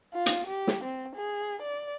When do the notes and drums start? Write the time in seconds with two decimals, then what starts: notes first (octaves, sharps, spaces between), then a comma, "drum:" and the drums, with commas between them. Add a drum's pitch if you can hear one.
0.13 F4
0.26 drum: hi-hat
0.47 G4
0.67 drum: snare
0.84 C4
1.16 G#4
1.62 D5